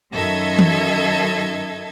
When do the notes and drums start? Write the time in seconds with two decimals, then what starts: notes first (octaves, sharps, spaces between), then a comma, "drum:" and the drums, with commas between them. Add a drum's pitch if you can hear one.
0.12 F#2 D#3 A4 D#5 E5 G#6
0.59 drum: tom E3